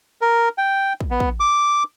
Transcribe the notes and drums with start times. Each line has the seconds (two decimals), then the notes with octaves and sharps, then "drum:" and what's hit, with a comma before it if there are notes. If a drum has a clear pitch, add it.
0.21 A#4
0.58 G5
1.00 drum: kick
1.11 B3
1.20 drum: kick
1.40 D6